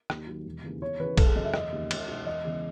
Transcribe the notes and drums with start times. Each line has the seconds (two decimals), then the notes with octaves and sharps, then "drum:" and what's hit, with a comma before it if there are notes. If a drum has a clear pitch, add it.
0.10 D#2, drum: rim click
0.27 D#3 F#3
0.46 E1
0.64 D#2 C#3 E3
0.82 E2 C#5
1.00 C#3 E3 B4
1.17 F#1 A4, drum: kick A#1, cymbal
1.27 G#4
1.36 F#2 C#3 D#5
1.44 E5
1.54 E1 D#5, drum: rim click
1.72 D#2 C#3
1.91 C#2, drum: cymbal
2.08 B2 G#3 B3 D#4
2.26 E1 D#5
2.44 E2 C#3